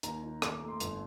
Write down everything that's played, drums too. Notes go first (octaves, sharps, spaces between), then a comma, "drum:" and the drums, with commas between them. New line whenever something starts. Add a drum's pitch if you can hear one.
D#2 A#5, drum: hi-hat
D#3
D#2 D6, drum: rim click
D6
A3
C6
G1, drum: hi-hat